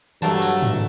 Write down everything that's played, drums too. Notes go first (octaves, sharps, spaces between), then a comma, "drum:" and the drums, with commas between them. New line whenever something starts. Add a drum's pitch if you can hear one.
G2 E3 F#3 A3 A#3 A5, drum: tambourine
drum: tambourine
drum: tom G#2